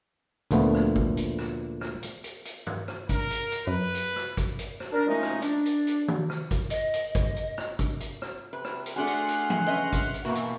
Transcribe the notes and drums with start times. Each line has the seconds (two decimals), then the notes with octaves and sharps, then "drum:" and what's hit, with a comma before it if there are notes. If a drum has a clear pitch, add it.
0.51 D2 A#2 F3 A3 B3, drum: hi-hat
0.74 drum: rim click
0.96 drum: kick
1.17 drum: hi-hat
1.38 drum: rim click
1.81 drum: rim click
2.03 drum: hi-hat
2.24 drum: hi-hat
2.45 drum: hi-hat
2.67 drum: tom G2
2.88 drum: rim click
3.09 A#4, drum: kick, hi-hat
3.31 drum: hi-hat
3.52 drum: hi-hat
3.67 F#2 B4
3.95 drum: hi-hat
4.16 drum: rim click
4.37 drum: kick, hi-hat
4.59 drum: hi-hat
4.80 drum: rim click
4.92 D4 A#4
5.07 F3 G#3 A3 C#4 D#4 D#5
5.23 drum: rim click
5.42 D4, drum: hi-hat
5.66 drum: hi-hat
5.87 drum: hi-hat
6.08 drum: tom D#3
6.30 drum: rim click
6.51 drum: kick, hi-hat
6.70 D#5, drum: hi-hat
6.94 drum: hi-hat
7.15 drum: kick, hi-hat
7.36 drum: hi-hat
7.58 drum: rim click
7.79 drum: kick, hi-hat
8.00 drum: hi-hat
8.22 drum: rim click
8.53 C3 B4
8.64 drum: rim click
8.86 drum: hi-hat
8.96 A3 D4 F#4 G#4 F#5 C6 F6
9.07 drum: hi-hat
9.29 drum: hi-hat
9.50 drum: tom E3
9.67 C#4 B4 D#5 E5
9.93 drum: kick, hi-hat
10.14 drum: hi-hat
10.25 B2 E3 A#3 E4 F#4
10.35 drum: hi-hat